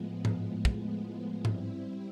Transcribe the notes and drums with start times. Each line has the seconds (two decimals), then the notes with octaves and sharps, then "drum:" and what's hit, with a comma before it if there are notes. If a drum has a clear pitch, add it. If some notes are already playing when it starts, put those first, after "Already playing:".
Already playing: A2 F3 G#3 B3
0.25 drum: tom G#2
0.65 drum: kick
1.45 G3 C4 E4, drum: tom G#2